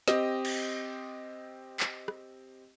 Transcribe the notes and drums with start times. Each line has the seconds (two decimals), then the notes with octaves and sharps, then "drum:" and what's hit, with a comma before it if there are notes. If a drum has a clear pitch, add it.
0.08 C4 G4 D#5, drum: snare
0.45 drum: cymbal
1.80 drum: clap
2.08 drum: rim click